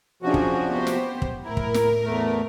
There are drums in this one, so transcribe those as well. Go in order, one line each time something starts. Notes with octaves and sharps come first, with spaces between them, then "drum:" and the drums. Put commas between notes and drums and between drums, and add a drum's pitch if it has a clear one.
C3 F3 C#4 D4 F#4 G#4
drum: kick
B3 G4 C5
drum: snare
drum: kick
A2 E4 A#4
drum: kick
drum: snare
E2 A3